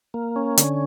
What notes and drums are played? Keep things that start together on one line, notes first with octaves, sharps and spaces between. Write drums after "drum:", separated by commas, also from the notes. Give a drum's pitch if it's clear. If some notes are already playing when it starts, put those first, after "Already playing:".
A#3
C#4
D3, drum: hi-hat